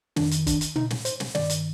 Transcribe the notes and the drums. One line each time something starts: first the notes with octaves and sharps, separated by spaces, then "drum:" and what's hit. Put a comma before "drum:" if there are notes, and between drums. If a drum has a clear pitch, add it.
F2 D#3 D4, drum: snare
drum: hi-hat
D4, drum: kick, hi-hat
drum: hi-hat
D#4, drum: tom A#2
drum: snare
C5, drum: hi-hat
drum: snare
G2 D#3 D5, drum: snare
drum: hi-hat